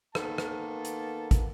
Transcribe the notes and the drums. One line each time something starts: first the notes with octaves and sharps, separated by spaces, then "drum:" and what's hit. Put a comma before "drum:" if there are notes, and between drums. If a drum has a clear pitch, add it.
D#3 A#3 B3 A4 A5, drum: rim click
drum: rim click
drum: hi-hat
drum: kick, hi-hat